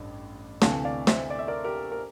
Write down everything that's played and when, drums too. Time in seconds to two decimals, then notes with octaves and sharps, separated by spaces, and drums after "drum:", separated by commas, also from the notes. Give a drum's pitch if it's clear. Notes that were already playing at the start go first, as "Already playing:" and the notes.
Already playing: A1 G2
0.62 D2 C3 E3 F5 A5, drum: snare
0.84 D5 F5
1.07 C5 E5, drum: snare
1.30 D5
1.39 E5
1.48 A#4 D5
1.64 G4 A#4
1.92 A#4